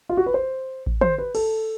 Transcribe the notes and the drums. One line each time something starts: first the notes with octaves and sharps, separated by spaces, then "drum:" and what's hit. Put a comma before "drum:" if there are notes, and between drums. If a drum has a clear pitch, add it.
F4
F#4
B4
C5
drum: kick A1
C5, drum: tom
B4
A4, drum: cymbal